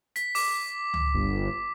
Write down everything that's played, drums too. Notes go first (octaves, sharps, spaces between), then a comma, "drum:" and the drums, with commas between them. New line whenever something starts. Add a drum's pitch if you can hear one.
B6, drum: hi-hat
D6, drum: open hi-hat
drum: tom C#2
G1